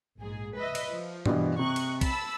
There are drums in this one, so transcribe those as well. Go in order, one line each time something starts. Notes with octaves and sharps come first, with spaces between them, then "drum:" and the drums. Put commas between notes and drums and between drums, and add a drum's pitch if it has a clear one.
A#1 G#2 G#4
B4 D#5 E5
drum: cymbal
F3
G2 B2 E3, drum: tom G#2
C3 D#5 C#6 F#6
drum: cymbal
A5 B5 E6, drum: kick, cymbal